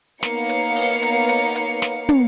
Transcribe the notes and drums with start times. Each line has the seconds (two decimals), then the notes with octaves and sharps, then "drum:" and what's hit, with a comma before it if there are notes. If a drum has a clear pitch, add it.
0.23 A#3 B3 D#4 C#5 F5 C#7, drum: snare
0.49 drum: hi-hat
0.76 drum: open hi-hat
1.02 drum: hi-hat
1.29 drum: hi-hat
1.55 drum: hi-hat
1.82 drum: snare
2.09 drum: tom